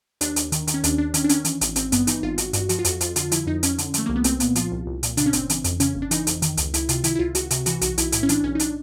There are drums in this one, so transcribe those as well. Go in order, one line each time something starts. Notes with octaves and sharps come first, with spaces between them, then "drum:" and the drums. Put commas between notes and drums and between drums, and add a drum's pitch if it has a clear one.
D#2 D4, drum: hi-hat
D#2, drum: hi-hat
D#3, drum: hi-hat
D#3, drum: hi-hat
C#4
D#2 D4, drum: hi-hat
D#2 D4
D#3 C#4, drum: hi-hat
D4
D#3 C#4, drum: hi-hat
E3, drum: hi-hat
G#1, drum: hi-hat
G#1 C4, drum: hi-hat
G2 B3, drum: hi-hat
E3 D#4, drum: hi-hat
G#1 F4
G#1 F#4, drum: hi-hat
G2 F#4, drum: hi-hat
F3 F#4, drum: hi-hat
F4
F2 F#4, drum: hi-hat
F2 F4, drum: hi-hat
D3 F4, drum: hi-hat
F3 E4, drum: hi-hat
F2 D#4
F2 C#4, drum: hi-hat
D3, drum: hi-hat
F3 A3, drum: hi-hat
C2 A#3
B3
C2 C4, drum: hi-hat
A#2 B3, drum: hi-hat
F3 F4, drum: hi-hat
C2
C2
A#2, drum: hi-hat
C#3 D4, drum: hi-hat
C#4
G1 C4, drum: hi-hat
E3, drum: hi-hat
F2, drum: hi-hat
C#3 C#4, drum: hi-hat
G1
D4
E3 D#4, drum: hi-hat
F2, drum: hi-hat
D#3, drum: hi-hat
C#2, drum: hi-hat
C#2 E4, drum: hi-hat
C3 F4, drum: hi-hat
D#3 E4, drum: hi-hat
E4
C#2 F4
C#2 F#4, drum: hi-hat
C3 F#4, drum: hi-hat
E3 F#4, drum: hi-hat
B1 F#4, drum: hi-hat
B1 E4, drum: hi-hat
A2 E4, drum: hi-hat
C#4
E3 D4, drum: hi-hat
B1 C#4
D#4
D4, drum: hi-hat